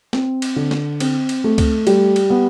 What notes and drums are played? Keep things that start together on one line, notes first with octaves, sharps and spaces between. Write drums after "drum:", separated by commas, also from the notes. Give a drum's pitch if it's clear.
C4, drum: snare
drum: cymbal
D3
drum: snare
C4, drum: cymbal
drum: cymbal
A3
drum: kick C#2, cymbal
G3, drum: cymbal
drum: cymbal
B3